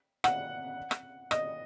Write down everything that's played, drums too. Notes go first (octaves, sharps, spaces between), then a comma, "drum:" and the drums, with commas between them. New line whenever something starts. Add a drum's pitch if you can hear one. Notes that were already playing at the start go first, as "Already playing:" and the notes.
F#5, drum: rim click
drum: rim click
D#5, drum: rim click